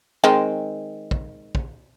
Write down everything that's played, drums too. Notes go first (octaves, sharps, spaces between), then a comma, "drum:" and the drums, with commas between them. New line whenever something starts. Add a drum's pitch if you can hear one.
D#3 G#3 C4
drum: kick
drum: kick